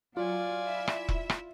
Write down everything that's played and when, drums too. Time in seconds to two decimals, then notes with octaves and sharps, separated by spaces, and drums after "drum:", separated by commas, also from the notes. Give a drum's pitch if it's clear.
0.17 F#3 F4 D5 F5 G#5
0.66 E4 E5
0.87 drum: rim click
1.09 drum: kick E1
1.30 drum: rim click